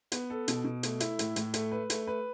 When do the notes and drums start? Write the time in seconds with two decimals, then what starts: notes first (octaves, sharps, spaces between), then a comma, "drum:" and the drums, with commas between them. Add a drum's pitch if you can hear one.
0.12 B3, drum: hi-hat
0.30 A4
0.48 B2, drum: hi-hat
0.64 B2
0.83 A3, drum: hi-hat
1.00 E4, drum: hi-hat
1.19 A2, drum: hi-hat
1.36 A2, drum: hi-hat
1.54 A3, drum: hi-hat
1.72 B4
1.90 A3, drum: hi-hat
2.07 B4